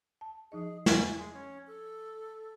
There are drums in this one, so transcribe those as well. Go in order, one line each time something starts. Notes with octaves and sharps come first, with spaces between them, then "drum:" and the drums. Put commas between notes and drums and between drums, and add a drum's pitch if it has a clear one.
A5
F3 D#4 G#4 D#5
G#5, drum: snare
G#3
C#4
A4